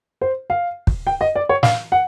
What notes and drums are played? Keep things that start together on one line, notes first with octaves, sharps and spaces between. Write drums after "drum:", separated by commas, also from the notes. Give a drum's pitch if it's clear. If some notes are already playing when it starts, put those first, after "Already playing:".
C5
F5
drum: kick
G5
D#5
D5
C#5
F5, drum: snare
F#5